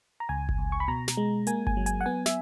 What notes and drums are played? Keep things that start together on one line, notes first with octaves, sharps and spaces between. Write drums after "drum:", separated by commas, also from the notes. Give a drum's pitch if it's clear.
A#5
C#2 G#5
drum: kick G1
C#2
C#6
B5
B2 A#5
drum: snare
G#3
A#3 G#5, drum: hi-hat
G#5, drum: kick G1
F#3
G#5, drum: hi-hat
F#5
B3 G#5
E5, drum: snare